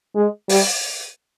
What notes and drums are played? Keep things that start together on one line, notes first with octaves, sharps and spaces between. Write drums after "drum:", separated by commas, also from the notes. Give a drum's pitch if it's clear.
G#3
G3, drum: open hi-hat